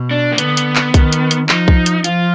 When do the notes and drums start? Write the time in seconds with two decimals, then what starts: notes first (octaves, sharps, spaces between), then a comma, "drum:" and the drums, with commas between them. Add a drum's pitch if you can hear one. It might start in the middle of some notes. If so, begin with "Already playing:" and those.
Already playing: B2
0.11 D4
0.33 A#3
0.38 D3 B3, drum: hi-hat
0.57 drum: hi-hat
0.76 drum: clap
0.94 D#3, drum: kick B1, hi-hat
1.12 drum: hi-hat
1.31 drum: hi-hat
1.49 F3 D#4, drum: clap
1.68 drum: kick B1
1.86 drum: hi-hat
2.04 F3 F4, drum: hi-hat